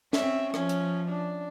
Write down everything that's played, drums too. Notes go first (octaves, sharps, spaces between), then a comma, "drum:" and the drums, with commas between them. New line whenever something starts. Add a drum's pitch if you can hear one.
C4 C#4 E5, drum: snare
F3 C#4, drum: rim click
drum: hi-hat
D4